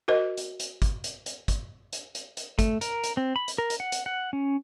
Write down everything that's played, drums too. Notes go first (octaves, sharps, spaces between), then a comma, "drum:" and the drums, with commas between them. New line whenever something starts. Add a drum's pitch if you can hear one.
F#4 A#4 C5 D#5
drum: hi-hat
drum: hi-hat
drum: kick, hi-hat
drum: hi-hat
drum: hi-hat
drum: kick, hi-hat
drum: hi-hat
drum: hi-hat
drum: hi-hat
A3, drum: kick, hi-hat
A#4, drum: hi-hat
drum: hi-hat
C4
B5
drum: hi-hat
A#4
drum: hi-hat
F#5
drum: hi-hat
F#5
C#4